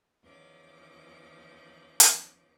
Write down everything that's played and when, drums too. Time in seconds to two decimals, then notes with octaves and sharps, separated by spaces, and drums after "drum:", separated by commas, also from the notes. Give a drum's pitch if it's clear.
0.22 E2 D#3 F3 C#4 D6
2.00 drum: hi-hat